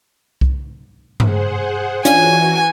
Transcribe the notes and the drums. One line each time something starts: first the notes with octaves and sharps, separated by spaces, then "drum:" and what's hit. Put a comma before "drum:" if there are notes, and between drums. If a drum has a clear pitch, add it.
drum: kick C2
G#4 C5 F#5, drum: tom G2
E3 C#4 D4 F4 F#4 G#5 G#6, drum: hi-hat